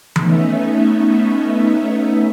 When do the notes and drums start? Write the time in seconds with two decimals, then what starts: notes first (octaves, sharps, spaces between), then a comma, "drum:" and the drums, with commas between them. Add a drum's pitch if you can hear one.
0.16 A3 B3 C#4 D#4 E5, drum: tom E3